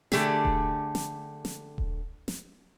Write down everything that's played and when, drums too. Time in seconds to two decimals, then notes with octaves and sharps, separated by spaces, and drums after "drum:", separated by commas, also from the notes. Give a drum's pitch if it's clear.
0.12 D3 A3 G4 G#4, drum: snare
0.45 drum: kick D#1
0.95 drum: snare
1.45 drum: snare
1.78 drum: kick D#1
2.28 drum: snare